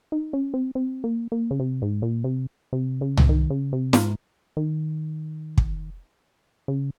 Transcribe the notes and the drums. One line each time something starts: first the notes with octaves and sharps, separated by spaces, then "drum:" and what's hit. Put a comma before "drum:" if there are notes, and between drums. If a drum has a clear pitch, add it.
D#4
C#4
C4
C4
A#3
A#3
C#3
C3
G#2
A#2
C3
C3
C#3
drum: tom
D#3
C#3
C3
G#2, drum: snare
D#3
drum: kick
C#3